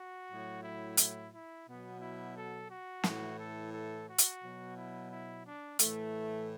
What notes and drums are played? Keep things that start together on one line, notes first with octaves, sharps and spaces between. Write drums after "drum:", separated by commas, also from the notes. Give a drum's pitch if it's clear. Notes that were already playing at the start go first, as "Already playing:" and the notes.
Already playing: F#4
A2 F#3
E4
E4, drum: hi-hat
E4
B2 F#3 B3
E4
A4
F#4
A2 E3, drum: snare
A4
A4
F#4
drum: hi-hat
B2 F#3
E4
E4
D4
A2 E3 A3, drum: hi-hat